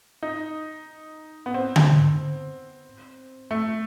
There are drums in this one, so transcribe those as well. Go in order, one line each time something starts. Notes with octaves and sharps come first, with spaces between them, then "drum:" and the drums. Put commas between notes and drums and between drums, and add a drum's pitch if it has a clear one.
D#4
B3
C4
drum: tom D3
A3